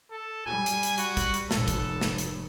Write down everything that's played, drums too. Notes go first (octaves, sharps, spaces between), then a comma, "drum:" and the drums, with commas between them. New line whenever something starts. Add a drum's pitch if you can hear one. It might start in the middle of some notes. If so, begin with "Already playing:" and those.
A4
G3 G#5
drum: hi-hat
drum: hi-hat
F#4, drum: hi-hat
drum: kick, hi-hat
drum: hi-hat
F1 G#2 A4, drum: snare
drum: kick, hi-hat
drum: snare
drum: hi-hat